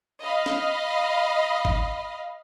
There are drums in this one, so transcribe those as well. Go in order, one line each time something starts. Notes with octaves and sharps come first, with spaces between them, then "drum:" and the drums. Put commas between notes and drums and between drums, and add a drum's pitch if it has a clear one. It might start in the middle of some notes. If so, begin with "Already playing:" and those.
D#5 F5 B5
drum: snare
drum: kick G1